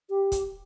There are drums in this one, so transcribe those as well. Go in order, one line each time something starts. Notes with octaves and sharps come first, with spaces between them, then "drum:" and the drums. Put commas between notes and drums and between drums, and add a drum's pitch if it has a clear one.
G4
drum: kick, hi-hat